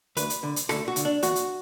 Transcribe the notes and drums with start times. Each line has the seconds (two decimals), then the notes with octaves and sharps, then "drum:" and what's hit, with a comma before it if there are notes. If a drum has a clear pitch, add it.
0.17 D2 B4, drum: hi-hat
0.30 drum: hi-hat
0.43 D3
0.56 drum: hi-hat
0.69 D2 A4, drum: rim click
0.88 F#4
0.96 D3, drum: hi-hat
1.05 D4
1.22 E2 F#4, drum: hi-hat
1.36 drum: hi-hat